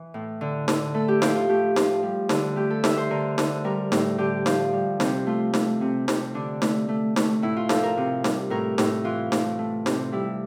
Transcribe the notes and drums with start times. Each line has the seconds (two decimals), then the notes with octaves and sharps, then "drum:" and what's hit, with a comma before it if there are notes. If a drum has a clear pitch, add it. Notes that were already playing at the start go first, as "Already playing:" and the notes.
Already playing: E3
0.14 A2
0.41 D3
0.68 D3, drum: snare
0.94 A3 A4
1.08 G4
1.22 F3 E4, drum: snare
1.35 F4
1.49 A3 G4
1.76 F3, drum: snare
2.03 G3
2.29 D3, drum: snare
2.56 A3 G4
2.70 A4
2.84 D3 E5, drum: snare
2.97 C5
3.11 D3 A#4
3.38 D3, drum: snare
3.64 G3 A#4
3.92 A2, drum: snare
4.18 D3 G4
4.46 F3, drum: snare
4.73 G3
5.00 C3, drum: snare
5.26 A3 F4
5.54 A3, drum: snare
5.81 C3
6.08 C3, drum: snare
6.34 D3 D4
6.62 A3, drum: snare
6.89 A3
7.16 A3, drum: snare
7.42 A2 E4
7.56 F4
7.69 F3 A4, drum: snare
7.83 A#4
7.97 C3
8.24 G3, drum: snare
8.50 A2 A#4
8.78 A2, drum: snare
9.04 E3 F4
9.32 A2, drum: snare
9.59 A3
9.86 C3, drum: snare
10.12 G3 E4